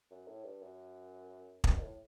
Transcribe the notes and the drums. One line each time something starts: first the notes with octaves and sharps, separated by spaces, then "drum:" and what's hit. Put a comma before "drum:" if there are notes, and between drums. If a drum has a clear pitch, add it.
F#2
A2
G2
F#2
G2, drum: kick
B2
A2